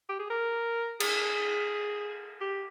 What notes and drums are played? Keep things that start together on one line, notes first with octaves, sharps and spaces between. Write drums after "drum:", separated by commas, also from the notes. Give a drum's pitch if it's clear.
G4
G#4
A#4
G#4, drum: cymbal
G4